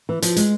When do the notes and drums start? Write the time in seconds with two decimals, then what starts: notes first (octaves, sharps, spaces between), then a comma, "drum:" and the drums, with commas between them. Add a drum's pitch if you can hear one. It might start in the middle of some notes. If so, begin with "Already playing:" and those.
0.09 E3
0.22 F3, drum: hi-hat
0.36 G#3, drum: hi-hat